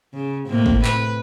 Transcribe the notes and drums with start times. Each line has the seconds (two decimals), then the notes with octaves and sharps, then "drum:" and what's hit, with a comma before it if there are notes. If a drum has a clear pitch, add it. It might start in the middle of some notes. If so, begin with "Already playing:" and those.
0.14 C#3
0.47 A2 C3 A#3
0.66 drum: kick
0.85 B4, drum: clap